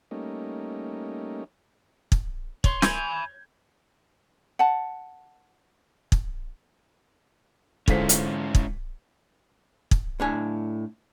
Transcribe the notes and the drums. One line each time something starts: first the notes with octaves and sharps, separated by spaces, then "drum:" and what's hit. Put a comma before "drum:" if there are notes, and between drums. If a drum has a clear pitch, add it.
G3 A3 A#3 C#4 D#4
drum: kick
C#5 C6, drum: kick
G#5 B5 G6 G#6, drum: snare
F#5 A5
drum: kick
G#2 D3 E3 C#4 E4 F4 C5 B6, drum: kick
drum: hi-hat
drum: kick
drum: kick
A2 D4 G#5